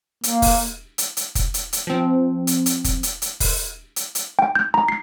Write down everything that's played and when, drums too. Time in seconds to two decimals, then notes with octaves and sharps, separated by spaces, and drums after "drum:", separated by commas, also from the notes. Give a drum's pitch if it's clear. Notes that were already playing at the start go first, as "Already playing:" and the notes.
0.23 A#3, drum: hi-hat
0.42 drum: kick F1, open hi-hat
0.98 drum: hi-hat
1.17 drum: hi-hat
1.35 drum: kick F1, hi-hat
1.54 drum: hi-hat
1.73 drum: hi-hat
1.87 F3 C4
2.47 drum: hi-hat
2.66 drum: hi-hat
2.84 drum: kick F1, hi-hat
3.03 drum: hi-hat
3.22 drum: hi-hat
3.40 drum: kick F1, open hi-hat
3.96 drum: hi-hat
4.15 drum: hi-hat
4.39 G5
4.55 G6
4.74 A#5
4.88 C7